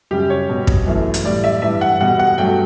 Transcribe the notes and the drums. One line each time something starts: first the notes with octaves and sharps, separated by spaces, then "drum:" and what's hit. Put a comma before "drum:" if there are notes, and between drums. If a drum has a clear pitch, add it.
F#2 C#3 G3 G4
C#5
B2 G3
drum: kick
F#2 E3 A3
drum: hi-hat
A2 G3 D5
E5
G2 E3 G3 E5
F#5
B2 G3 F#5
F#5
G2 F#3 A3 G5